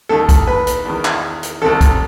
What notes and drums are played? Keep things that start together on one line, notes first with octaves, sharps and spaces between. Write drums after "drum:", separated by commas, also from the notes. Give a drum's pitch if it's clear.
D#2 D#3 A4
drum: kick, hi-hat
B4
drum: hi-hat
E2 D#3
drum: clap
drum: hi-hat
C2 C3 D#3 A4
drum: kick, hi-hat